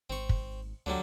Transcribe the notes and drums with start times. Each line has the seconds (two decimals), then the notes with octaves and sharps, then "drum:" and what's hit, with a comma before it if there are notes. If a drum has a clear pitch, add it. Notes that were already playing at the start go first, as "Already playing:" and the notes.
0.10 G#1 C4 C#6
0.29 drum: kick
0.86 D2 D3 F#3 G3